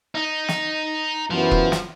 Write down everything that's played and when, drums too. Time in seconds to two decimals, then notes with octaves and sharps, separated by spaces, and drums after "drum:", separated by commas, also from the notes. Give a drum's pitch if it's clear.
0.15 D#4
0.48 drum: snare
1.31 F#2 E3 F3 B3
1.51 drum: kick E1
1.72 drum: snare